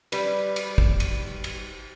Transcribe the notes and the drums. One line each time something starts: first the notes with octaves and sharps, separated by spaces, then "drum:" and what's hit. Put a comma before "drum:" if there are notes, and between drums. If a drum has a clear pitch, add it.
G3 B4, drum: cymbal
drum: cymbal
drum: kick
drum: cymbal
drum: cymbal